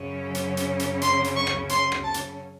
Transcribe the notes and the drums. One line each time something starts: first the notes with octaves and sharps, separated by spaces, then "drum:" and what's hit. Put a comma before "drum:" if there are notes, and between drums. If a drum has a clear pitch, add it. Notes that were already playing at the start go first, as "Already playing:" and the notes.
Already playing: F#2 C#3 F#3 C#4
drum: hi-hat
drum: hi-hat
drum: hi-hat
C6, drum: hi-hat
drum: hi-hat
C#6
drum: rim click
C6, drum: hi-hat
drum: rim click
A5
drum: hi-hat